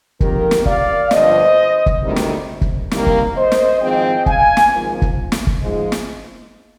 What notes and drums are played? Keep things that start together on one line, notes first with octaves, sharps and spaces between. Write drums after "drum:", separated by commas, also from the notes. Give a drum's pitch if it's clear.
F2 D#3 A#3 G4 A#4, drum: kick
drum: snare
D5 F5, drum: kick
G1 G2 F3 C5 D#5, drum: snare
drum: kick
D2 C3 D#3 G3
drum: snare
drum: kick
C2 C3 D#3 G3 A#3, drum: snare
drum: kick
C5 D#5
drum: snare
G#1 G#2 F3 G#3 C4 D#5 G5
F5 G#5, drum: kick
drum: snare
G#1 G#2 F3 A#3
drum: kick
drum: snare
drum: kick
G#2 F3 G#3
drum: snare